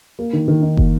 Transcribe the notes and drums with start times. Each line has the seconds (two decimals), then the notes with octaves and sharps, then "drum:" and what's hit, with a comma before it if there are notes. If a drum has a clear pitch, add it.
0.19 A#3
0.33 D#3
0.48 D#3
0.62 D#4
0.77 A#3, drum: kick